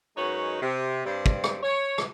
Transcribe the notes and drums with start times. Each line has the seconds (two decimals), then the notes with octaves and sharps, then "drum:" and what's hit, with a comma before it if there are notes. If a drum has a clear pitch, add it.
0.17 F#2 G#3 D#4 F#4 B4 C#5
0.62 C3
1.06 G2 G3 C4
1.26 drum: kick
1.44 drum: rim click
1.63 C#5
1.98 drum: rim click